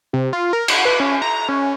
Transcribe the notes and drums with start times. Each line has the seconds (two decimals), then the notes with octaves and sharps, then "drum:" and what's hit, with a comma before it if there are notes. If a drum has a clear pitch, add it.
0.13 C3
0.33 F4
0.53 A#4
0.68 F#5, drum: cymbal
0.85 B4
1.00 C#4
1.22 A#5
1.49 C#4